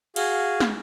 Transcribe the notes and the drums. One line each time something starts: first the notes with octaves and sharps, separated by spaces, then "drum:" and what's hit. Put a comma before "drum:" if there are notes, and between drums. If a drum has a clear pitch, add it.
F#4 G#4 F5, drum: cymbal
drum: snare